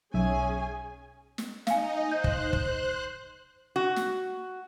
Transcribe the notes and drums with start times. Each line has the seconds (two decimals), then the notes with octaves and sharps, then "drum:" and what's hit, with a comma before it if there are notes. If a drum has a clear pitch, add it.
0.14 B1 C#4 G#4 E5 G#5
1.38 drum: snare
1.67 D#4 D#5 F5 G#5, drum: snare
2.11 C5 F#6 G6
2.24 drum: kick
2.53 drum: kick
3.76 F#4
3.96 drum: snare